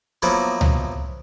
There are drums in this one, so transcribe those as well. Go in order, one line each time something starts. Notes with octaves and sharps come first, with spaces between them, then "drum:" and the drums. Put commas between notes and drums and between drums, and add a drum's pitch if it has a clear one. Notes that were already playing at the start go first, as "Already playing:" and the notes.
F3 F#3 A#3 B3 E4
drum: tom C#2